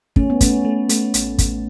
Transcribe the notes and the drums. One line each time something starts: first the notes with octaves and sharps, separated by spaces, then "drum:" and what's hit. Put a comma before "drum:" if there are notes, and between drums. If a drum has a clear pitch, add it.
A3 C#4, drum: kick
B3
A3 C#4, drum: kick, hi-hat
A3
A3, drum: hi-hat
A1, drum: hi-hat
A1, drum: kick, hi-hat